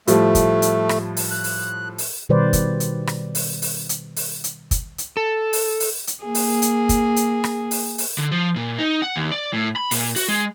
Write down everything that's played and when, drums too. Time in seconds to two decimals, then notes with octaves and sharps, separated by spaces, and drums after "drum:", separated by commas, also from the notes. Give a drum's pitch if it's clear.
0.07 A2 F3 G3 A3, drum: hi-hat
0.35 drum: kick, hi-hat
0.62 drum: hi-hat
0.89 drum: rim click
1.17 drum: open hi-hat
1.31 F#6
1.44 drum: open hi-hat
1.98 drum: open hi-hat
2.29 B2 D#3 G3 B4 C5 D5
2.53 drum: kick, hi-hat
2.80 drum: hi-hat
3.07 drum: rim click
3.35 drum: open hi-hat
3.62 drum: open hi-hat
3.89 drum: hi-hat
4.16 drum: open hi-hat
4.44 drum: hi-hat
4.71 drum: kick, hi-hat
4.98 drum: hi-hat
5.17 A4
5.53 drum: open hi-hat
5.80 drum: open hi-hat
6.07 drum: hi-hat
6.24 A#3 G#4
6.35 drum: open hi-hat
6.62 drum: hi-hat
6.89 drum: kick, hi-hat
7.16 drum: hi-hat
7.44 drum: rim click
7.71 drum: open hi-hat
7.98 drum: open hi-hat
8.18 D3
8.31 F3
8.56 A#2
8.79 D#4
9.02 F#5
9.16 D#2
9.31 D5
9.53 A2
9.76 B5
9.91 A#2, drum: open hi-hat
10.16 F#4, drum: open hi-hat
10.28 G#3